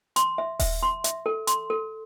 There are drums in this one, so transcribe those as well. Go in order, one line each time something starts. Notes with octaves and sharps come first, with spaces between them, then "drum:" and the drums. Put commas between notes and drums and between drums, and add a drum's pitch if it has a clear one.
C6, drum: hi-hat
E5
E5, drum: kick D#1, open hi-hat
C6
E5, drum: hi-hat
A4
C6, drum: hi-hat
A4